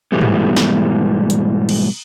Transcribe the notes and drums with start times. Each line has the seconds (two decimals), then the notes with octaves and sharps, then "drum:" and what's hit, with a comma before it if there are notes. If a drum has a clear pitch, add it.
0.12 G#2 B2 E3 G3 A3 B3
0.21 drum: tom
0.56 drum: snare
1.30 drum: hi-hat
1.69 drum: cymbal